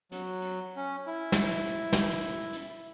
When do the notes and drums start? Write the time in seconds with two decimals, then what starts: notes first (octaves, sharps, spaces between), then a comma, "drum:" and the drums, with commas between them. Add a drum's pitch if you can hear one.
0.12 F#3, drum: hi-hat
0.42 drum: hi-hat
0.77 C#4
1.07 E4
1.32 drum: snare
1.62 drum: hi-hat
1.93 drum: snare
2.23 drum: hi-hat
2.53 drum: hi-hat